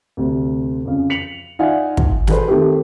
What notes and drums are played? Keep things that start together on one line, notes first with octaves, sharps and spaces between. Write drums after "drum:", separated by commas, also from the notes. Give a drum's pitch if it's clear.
D2 C3
F2 C#3
B6 C#7 F7 F#7
D#4 F4 D5 E5 F#5 G#5
drum: kick
F#4 G#4 A4 B4 C5, drum: snare
D#3 A3 C4 G4